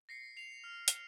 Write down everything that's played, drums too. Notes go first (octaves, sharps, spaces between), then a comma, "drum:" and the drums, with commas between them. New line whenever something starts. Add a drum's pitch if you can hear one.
A#6 C7 C#7
C7 F7
F6
drum: hi-hat